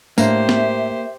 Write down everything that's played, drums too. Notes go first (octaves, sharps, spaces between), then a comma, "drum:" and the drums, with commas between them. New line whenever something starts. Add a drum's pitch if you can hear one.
A2 A3 A#3 D4 G4 C5 E5, drum: tambourine
drum: snare B3